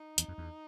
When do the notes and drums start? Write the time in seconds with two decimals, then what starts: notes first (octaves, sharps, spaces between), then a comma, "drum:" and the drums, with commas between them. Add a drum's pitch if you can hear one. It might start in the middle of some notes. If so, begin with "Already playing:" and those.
Already playing: D#4
0.18 E2, drum: hi-hat
0.28 F2
0.38 E2